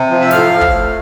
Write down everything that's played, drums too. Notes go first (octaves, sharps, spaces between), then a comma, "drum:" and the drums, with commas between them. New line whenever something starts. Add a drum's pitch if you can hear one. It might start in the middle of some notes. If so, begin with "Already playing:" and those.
Already playing: C3
F3
E5
A2 F5, drum: snare
A2
drum: kick
A2